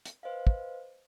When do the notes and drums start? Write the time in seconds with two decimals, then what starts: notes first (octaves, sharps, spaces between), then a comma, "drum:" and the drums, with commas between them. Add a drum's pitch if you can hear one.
0.05 drum: hi-hat
0.23 B4 C5 D#5 F5
0.47 drum: kick